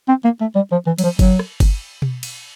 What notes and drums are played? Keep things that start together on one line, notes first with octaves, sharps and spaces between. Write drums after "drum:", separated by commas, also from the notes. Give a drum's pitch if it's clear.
C4
A#3
A3
G3
F3
E3
F#3, drum: cymbal
F3
F#3, drum: kick G1, cymbal
drum: rim click
drum: kick G1, cymbal
drum: tom B2
drum: cymbal